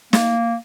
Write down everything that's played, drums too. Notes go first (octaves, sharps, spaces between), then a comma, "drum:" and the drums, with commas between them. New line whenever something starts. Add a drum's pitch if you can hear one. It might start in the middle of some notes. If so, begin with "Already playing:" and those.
A#3, drum: snare